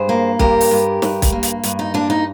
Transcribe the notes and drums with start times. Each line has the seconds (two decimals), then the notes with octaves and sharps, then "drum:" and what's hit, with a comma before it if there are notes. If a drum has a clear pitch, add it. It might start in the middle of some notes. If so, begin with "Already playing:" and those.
Already playing: G2 G#4 C5
0.09 A#3
0.39 G2 G4 A#4, drum: kick
0.61 drum: open hi-hat
0.71 G2
1.02 G2, drum: snare
1.22 drum: kick, hi-hat
1.32 A#3
1.43 drum: hi-hat
1.63 G2, drum: hi-hat
1.79 D#4
1.94 A#3 D4
2.10 D#4